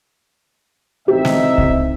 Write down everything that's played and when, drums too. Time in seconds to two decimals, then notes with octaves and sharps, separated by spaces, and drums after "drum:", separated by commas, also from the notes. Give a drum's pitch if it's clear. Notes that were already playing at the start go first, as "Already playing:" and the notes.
1.08 A1 C3 C4 D#4 G4 E5
1.25 drum: snare
1.58 drum: kick C2